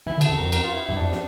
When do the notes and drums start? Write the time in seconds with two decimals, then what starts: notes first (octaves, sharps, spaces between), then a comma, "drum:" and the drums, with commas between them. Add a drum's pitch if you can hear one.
0.06 E3 E4
0.18 D3
0.21 A4, drum: cymbal
0.29 E2
0.37 F2 A#4
0.52 A#4, drum: cymbal
0.63 F4
0.74 E4
0.85 G2 E4
0.97 F2 D4
1.12 drum: snare